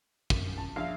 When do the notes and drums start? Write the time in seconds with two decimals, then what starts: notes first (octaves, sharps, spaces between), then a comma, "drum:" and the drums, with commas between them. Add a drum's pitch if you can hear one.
0.30 F#2, drum: kick
0.58 A5
0.76 A#1 E5 F5